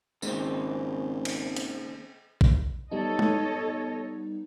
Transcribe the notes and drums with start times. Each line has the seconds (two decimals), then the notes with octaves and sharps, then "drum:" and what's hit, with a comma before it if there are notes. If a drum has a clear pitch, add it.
0.22 G#1 D#2 C#3 C4, drum: tambourine
1.25 drum: cymbal
1.57 drum: hi-hat
2.41 drum: kick A1
2.91 G3 B3 D#4 A4 C#5 D#5
3.19 drum: tom G#3